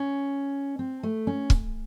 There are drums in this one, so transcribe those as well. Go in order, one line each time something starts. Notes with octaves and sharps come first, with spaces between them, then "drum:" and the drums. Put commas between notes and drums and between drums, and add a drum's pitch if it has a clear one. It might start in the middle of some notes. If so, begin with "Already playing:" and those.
Already playing: C#4
C4
A3
C#4
drum: kick